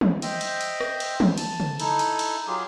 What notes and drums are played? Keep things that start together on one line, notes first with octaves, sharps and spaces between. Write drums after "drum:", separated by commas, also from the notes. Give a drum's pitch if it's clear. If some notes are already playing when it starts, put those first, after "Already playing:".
drum: tom
C5 D#5 E5 G5, drum: cymbal
drum: cymbal
drum: cymbal
drum: rim click
drum: cymbal
drum: tom
A5, drum: cymbal
drum: tom C#3
D#4 E4 A4, drum: cymbal
drum: cymbal
drum: cymbal
F#3 F4 G4 G#4